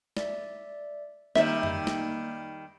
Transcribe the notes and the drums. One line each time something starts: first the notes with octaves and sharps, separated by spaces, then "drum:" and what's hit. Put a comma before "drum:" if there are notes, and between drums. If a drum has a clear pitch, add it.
D5 E5, drum: snare
D#3 G3 A#3 D#4 E5 E6, drum: snare
drum: tom F2
drum: snare